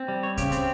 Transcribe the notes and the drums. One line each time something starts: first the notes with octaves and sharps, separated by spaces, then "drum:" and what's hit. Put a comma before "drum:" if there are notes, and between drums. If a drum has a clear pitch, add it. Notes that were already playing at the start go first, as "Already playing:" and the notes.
Already playing: C4
G3
C#5
C#3 G4, drum: kick C#2, hi-hat
C4, drum: hi-hat